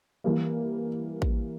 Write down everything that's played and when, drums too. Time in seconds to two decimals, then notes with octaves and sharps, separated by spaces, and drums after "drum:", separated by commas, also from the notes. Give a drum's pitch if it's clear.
0.24 E3 G3 A#3
1.22 drum: kick A1